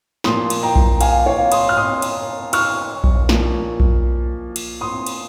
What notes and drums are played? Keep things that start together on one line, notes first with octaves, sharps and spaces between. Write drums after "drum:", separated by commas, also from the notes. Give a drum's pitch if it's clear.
A#2 F3 C6 D#6, drum: snare
drum: cymbal
G5 A#5
drum: kick B1
F5 G#5, drum: cymbal
C#5 F5
C6 D#6, drum: cymbal
F6
C6 D#6
drum: cymbal
C#6 F6, drum: cymbal
drum: kick B1
A#2 F3, drum: snare
drum: kick B1
drum: cymbal
C6 D#6
drum: cymbal